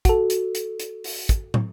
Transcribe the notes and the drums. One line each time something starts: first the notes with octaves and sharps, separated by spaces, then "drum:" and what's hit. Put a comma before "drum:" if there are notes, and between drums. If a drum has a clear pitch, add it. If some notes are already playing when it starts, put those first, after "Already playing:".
F#4 A4, drum: kick, hi-hat
drum: hi-hat
drum: hi-hat
drum: hi-hat
drum: open hi-hat
drum: kick, hi-hat
drum: tom